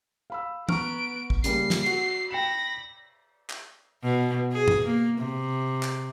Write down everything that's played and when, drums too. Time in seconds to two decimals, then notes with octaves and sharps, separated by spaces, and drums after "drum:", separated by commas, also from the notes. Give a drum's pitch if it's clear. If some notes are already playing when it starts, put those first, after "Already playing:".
0.30 F5 B5 E6
0.69 B3 A#5 C#6 F6 D7, drum: tom
1.30 drum: kick
1.44 C#3 G3 A#3 C7, drum: hi-hat
1.70 drum: snare
1.86 F#4, drum: cymbal
2.31 G5 B5 A#6 C#7 E7
3.50 drum: clap
4.03 B2
4.52 G#4
4.68 drum: tom G2
4.86 A#3
5.18 C3
5.83 drum: clap